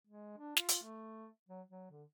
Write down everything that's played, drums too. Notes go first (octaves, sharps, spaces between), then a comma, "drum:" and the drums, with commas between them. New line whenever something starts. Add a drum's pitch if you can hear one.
G#3
D4
F4, drum: snare
drum: hi-hat
A3
F#3
F#3
D3